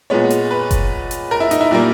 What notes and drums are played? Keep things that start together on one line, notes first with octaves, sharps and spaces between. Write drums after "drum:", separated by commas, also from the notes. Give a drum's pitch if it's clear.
A#2 G#3 B3 C#5
drum: hi-hat
B4
drum: kick F#1, hi-hat
drum: hi-hat
A#4
E4
D#4, drum: hi-hat
E4
A#2 G3 A#3